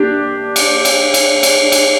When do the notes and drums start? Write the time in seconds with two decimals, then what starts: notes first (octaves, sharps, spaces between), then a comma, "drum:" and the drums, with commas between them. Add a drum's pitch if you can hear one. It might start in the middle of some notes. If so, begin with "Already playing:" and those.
Already playing: D4 G4
0.56 drum: cymbal
0.85 drum: cymbal
1.14 drum: cymbal
1.43 drum: cymbal
1.72 drum: cymbal